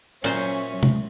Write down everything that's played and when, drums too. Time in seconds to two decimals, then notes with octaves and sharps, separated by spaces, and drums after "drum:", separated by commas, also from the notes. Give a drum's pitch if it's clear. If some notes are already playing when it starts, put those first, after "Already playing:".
0.24 A#2 F#3 C#4 C5 E5, drum: cymbal
0.83 drum: tom